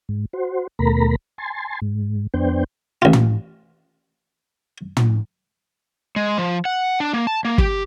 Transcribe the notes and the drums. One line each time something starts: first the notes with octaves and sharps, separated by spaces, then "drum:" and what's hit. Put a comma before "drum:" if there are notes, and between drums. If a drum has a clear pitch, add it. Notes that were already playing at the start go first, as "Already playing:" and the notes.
G#2
F#4 C5
D#2 B2 A3 A#4 A#5 B5
G#5 A5 C6
G#2
F2 B3 D4 C5 G5
A1 F4
drum: tom
drum: tom
G#3
F3
F#5
D4
A#3
A5
A#3
G4, drum: kick